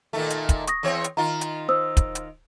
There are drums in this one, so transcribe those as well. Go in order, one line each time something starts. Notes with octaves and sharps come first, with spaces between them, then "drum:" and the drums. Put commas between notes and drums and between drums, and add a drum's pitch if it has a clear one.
A#2 D#3 A3
drum: hi-hat
drum: kick, hi-hat
C#6 D#6 A#6, drum: hi-hat
E2 C4 C#5
drum: hi-hat
D#3 F4 A#5
drum: hi-hat
C5 D#6 E6
drum: kick, hi-hat
drum: hi-hat